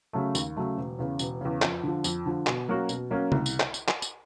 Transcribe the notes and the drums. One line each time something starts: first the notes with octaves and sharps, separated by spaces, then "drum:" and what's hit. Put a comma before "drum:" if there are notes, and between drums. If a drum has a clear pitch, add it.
C#3 F#3 A3
D#2, drum: tambourine
C#3 F#3 A3
E1
E2 C#3
E1, drum: tambourine
E2 C#3
F2, drum: clap
D3 F3
F2, drum: tambourine
D3 F3
B2, drum: clap
F#3 A#3 C#4 F#4
B2, drum: tambourine
F#3 A#3 C#4 F#4
C2, drum: tom C#3
drum: tambourine
drum: clap
drum: tambourine
drum: clap
drum: tambourine